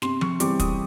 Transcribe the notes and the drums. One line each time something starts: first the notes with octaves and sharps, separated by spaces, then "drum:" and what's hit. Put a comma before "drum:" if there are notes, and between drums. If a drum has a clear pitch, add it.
C3 C6, drum: snare
C#6, drum: tom F3
E3 G3 C4 D6, drum: hi-hat
D#6, drum: kick, hi-hat